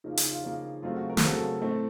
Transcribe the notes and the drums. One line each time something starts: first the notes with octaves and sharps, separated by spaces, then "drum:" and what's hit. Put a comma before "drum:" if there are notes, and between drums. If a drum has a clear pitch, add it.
C#3 F3 A#3 D#4
D#4, drum: hi-hat
F4
C#3 F3 A#3
F#2 C#3 A3 C4 F4
F#4
A#4
A4, drum: snare
F#2 C#3 A3 C4 F#4
A4
A2 A3 C4